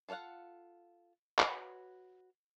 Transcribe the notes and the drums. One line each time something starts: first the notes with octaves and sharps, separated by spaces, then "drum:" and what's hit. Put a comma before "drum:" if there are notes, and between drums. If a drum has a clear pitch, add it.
F4 A4 C#5 F5 F#5
F#4 B4 C#5, drum: clap